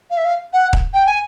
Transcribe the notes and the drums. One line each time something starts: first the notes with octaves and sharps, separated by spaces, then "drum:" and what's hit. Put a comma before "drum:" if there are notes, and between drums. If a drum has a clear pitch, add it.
F5
E5
F5
F#5
drum: kick D#1
G5
G#5